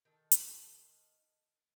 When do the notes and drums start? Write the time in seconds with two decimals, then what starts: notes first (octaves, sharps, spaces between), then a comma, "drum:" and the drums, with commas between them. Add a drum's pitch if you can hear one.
0.05 D#3 A4
0.32 drum: hi-hat